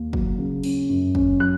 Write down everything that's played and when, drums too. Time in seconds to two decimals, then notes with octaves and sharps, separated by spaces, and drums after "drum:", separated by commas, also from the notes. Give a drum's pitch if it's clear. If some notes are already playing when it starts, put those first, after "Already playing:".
Already playing: D#2
0.13 F#3, drum: kick
0.38 C#3
0.64 C#4, drum: cymbal
0.89 F#2
1.15 C#4, drum: kick
1.39 F#3 F#6